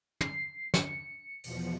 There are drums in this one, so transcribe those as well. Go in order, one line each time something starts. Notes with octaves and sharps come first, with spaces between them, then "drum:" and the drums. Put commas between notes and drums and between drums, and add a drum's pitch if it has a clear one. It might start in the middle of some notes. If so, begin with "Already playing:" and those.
C7, drum: tom
C#7, drum: snare
E2 B2 F3, drum: open hi-hat